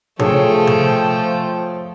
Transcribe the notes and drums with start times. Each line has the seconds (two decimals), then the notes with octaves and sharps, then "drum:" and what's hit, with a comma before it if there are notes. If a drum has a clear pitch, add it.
0.19 F3 A3 G#4 A4 C#5 G5, drum: tom C3
0.67 drum: tom C3